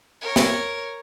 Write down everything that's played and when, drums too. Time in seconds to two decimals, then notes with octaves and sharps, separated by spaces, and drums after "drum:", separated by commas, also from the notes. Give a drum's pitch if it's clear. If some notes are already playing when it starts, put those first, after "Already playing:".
0.21 A#4 C#5
0.36 drum: snare